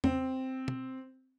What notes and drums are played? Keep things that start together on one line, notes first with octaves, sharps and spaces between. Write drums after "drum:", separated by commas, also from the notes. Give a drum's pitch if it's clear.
C4, drum: tom E2
drum: tom